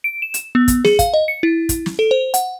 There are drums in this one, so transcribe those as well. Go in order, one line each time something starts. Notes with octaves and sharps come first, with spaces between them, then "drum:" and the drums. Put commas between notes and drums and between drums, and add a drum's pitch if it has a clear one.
D7
E7
drum: hi-hat
B3
drum: kick, hi-hat
G#4, drum: snare
F5, drum: kick, hi-hat
D#5
C#7
E4
drum: kick, hi-hat
drum: snare
A4
C5
F#5, drum: hi-hat